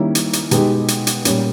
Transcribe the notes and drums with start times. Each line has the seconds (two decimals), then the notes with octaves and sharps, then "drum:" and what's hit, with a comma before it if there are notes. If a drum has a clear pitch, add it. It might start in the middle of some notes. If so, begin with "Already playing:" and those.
Already playing: D#3 G3 A#3 C#4 E4
0.15 drum: hi-hat
0.33 drum: hi-hat
0.51 B2 G#3 B3 D#4 G4, drum: hi-hat
0.88 drum: hi-hat
1.07 drum: hi-hat
1.25 A#2 G3 C#4, drum: hi-hat